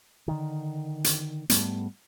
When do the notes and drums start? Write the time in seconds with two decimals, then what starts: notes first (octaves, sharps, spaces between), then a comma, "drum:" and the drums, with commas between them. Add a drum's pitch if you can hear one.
0.28 D3 D#3
1.04 drum: hi-hat
1.50 G#2 G3 A3 B3, drum: hi-hat